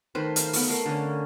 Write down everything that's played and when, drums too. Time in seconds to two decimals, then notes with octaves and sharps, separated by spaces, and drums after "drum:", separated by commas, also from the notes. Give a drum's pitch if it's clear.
0.15 D#3 A3 B4 C5
0.36 C5 F5, drum: hi-hat
0.53 A3 B3, drum: open hi-hat
0.69 A3 A#4 F5
0.85 D3 C#4